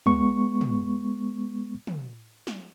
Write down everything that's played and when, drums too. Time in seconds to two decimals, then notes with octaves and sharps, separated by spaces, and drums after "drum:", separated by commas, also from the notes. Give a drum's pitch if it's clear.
0.06 G#3 B3 C#6, drum: tom
0.61 drum: tom
1.87 drum: tom
2.47 drum: snare